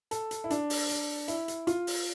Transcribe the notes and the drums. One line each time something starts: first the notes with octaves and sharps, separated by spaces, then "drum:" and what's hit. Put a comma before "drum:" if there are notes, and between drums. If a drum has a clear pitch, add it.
A4, drum: hi-hat
drum: hi-hat
E4
D4, drum: hi-hat
drum: open hi-hat
drum: hi-hat
E4, drum: hi-hat
drum: hi-hat
F4, drum: hi-hat
drum: open hi-hat